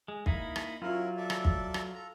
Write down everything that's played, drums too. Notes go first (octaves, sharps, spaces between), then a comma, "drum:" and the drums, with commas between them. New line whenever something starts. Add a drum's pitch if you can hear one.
G#3
A#3 D#4 E4 B5, drum: kick
drum: rim click
F#3 C#4 E4 F4 A#4
A4 D5 E5
drum: rim click
drum: kick
drum: rim click
A4 A#5